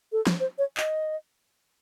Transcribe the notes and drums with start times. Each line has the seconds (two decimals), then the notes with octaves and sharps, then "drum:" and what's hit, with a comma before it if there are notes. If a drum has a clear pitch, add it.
0.12 A4
0.27 drum: snare
0.40 C5
0.58 C#5
0.77 D#5, drum: clap